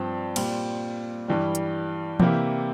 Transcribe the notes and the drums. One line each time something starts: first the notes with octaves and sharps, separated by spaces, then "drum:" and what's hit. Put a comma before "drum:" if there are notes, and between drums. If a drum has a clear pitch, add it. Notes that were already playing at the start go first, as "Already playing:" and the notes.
Already playing: G2 F3 C4
A#2 G3 C4, drum: cymbal
G2 E3 G3
drum: hi-hat
C3 E3 A#3 E4 G4, drum: tom E3